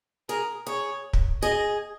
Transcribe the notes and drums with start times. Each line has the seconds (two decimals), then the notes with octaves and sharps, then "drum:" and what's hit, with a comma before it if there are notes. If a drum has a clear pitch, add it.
0.29 G#4 A#4
0.67 G#4 C#5
1.13 drum: kick
1.42 G#4 D#5